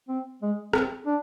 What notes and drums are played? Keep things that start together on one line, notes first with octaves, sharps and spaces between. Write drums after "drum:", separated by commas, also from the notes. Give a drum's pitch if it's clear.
C4
G#3
C4, drum: rim click
D4